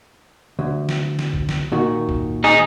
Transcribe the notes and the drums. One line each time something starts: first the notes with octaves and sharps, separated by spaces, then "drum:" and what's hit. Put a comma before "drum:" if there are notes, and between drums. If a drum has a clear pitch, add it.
D2
drum: snare
drum: snare
drum: kick
drum: snare
A#2 D#3 F#4
drum: kick
D#4 G#4